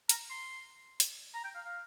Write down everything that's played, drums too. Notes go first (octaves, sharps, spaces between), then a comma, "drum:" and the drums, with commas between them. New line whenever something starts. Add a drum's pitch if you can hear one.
A#5, drum: hi-hat
C6
drum: hi-hat
A#5
G5
F5
F5